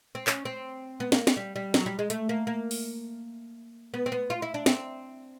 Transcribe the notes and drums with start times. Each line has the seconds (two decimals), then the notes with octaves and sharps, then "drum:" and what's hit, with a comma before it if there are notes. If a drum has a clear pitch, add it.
0.15 C4
0.27 C#4, drum: clap
0.45 C4
1.00 B3
1.12 A#3, drum: snare
1.27 drum: snare
1.37 G3
1.56 G3
1.74 F#3, drum: snare
1.86 G3
1.99 G#3
2.10 A3, drum: hi-hat
2.29 A#3
2.47 A#3
2.71 drum: open hi-hat
3.94 B3
4.06 C4
4.12 B3
4.30 F4
4.42 E4
4.54 D4
4.66 C4, drum: snare